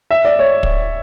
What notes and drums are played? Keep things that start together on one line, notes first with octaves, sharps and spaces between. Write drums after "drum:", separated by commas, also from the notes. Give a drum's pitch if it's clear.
E5
D5
C#5
drum: kick